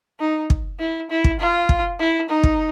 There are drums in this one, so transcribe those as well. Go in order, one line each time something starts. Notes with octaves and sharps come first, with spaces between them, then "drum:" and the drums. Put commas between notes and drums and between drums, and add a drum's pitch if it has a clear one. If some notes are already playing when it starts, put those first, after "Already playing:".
D#4
drum: kick
E4
E4
drum: kick
F4
drum: kick
E4
D#4
drum: kick